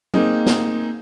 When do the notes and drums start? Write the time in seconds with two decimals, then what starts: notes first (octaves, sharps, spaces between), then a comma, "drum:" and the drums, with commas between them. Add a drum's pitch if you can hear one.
0.14 A#3 C4 D#4 G#4, drum: tom
0.46 drum: snare